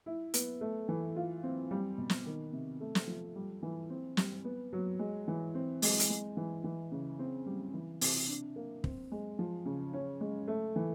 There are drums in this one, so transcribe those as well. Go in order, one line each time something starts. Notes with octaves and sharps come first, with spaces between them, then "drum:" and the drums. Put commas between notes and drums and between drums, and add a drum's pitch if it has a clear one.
E4
B3, drum: hi-hat
A3
E3
F4
C4
G3
B2
drum: snare
D#3
C3
A3
drum: snare
F3
G3
E3
C4
G3, drum: snare
B3
F#3
G#3
E3
C4
G#3, drum: open hi-hat
drum: hi-hat
G#3
E3
E3
C#3
C4
G3
E3
C3, drum: open hi-hat
D4
A#3
C4, drum: kick
G#3
F3
C#3
C#4
G#3
A3
E3